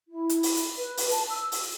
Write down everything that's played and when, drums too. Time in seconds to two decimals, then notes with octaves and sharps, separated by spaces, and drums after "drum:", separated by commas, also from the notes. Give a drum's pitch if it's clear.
0.09 E4
0.29 drum: hi-hat
0.43 drum: open hi-hat
0.57 drum: hi-hat
0.78 B4
0.97 drum: open hi-hat
1.11 A5, drum: hi-hat
1.30 E6
1.52 drum: open hi-hat